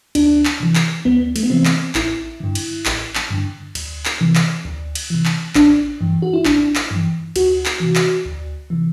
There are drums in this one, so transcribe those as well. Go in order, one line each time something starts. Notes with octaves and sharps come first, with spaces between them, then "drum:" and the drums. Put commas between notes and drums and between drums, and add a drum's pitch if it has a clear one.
D2 D4, drum: cymbal
drum: clap
C3 E3
drum: clap
D2 B3
A3, drum: cymbal
B3
C3 E3 C4
drum: clap
A1 E4, drum: clap
G2 D3
drum: cymbal
A1, drum: clap
drum: clap
G2 D3
D2, drum: cymbal
drum: clap
C3 E3
drum: clap
D2
drum: cymbal
C3 E3
drum: clap
A1 D4, drum: clap
G2 E3
F#4
E4
A1 D4, drum: clap
drum: clap
G2 E3
D2 F#4, drum: cymbal
drum: clap
C3 E3
drum: clap
D2
C3 E3